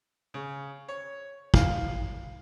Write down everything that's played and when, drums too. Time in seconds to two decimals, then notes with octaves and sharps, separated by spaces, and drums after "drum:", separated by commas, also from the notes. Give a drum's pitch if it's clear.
0.34 C#3
0.88 C#5
1.54 F5, drum: kick